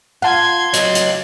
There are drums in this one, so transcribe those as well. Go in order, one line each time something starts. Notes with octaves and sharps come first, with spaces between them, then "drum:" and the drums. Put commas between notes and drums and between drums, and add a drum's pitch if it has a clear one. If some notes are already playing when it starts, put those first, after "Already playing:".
F4 F#5 A5 C6 G#6
F#3 C#5 D#5, drum: hi-hat
drum: hi-hat